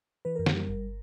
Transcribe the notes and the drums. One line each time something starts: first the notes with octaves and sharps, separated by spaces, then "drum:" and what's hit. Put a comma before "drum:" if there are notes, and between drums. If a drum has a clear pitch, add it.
E3 B4
F#2 A#4
G4, drum: snare
G3 A#4
G1